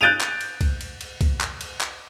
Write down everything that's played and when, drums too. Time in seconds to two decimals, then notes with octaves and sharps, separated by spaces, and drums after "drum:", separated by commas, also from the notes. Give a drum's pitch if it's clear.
0.01 F#6 G6 A6 D7 D#7 F7
0.21 drum: clap
0.41 drum: cymbal
0.61 drum: kick C2, cymbal
0.81 drum: cymbal
1.01 drum: cymbal
1.21 drum: kick C2, cymbal
1.41 drum: clap
1.61 drum: cymbal
1.81 drum: clap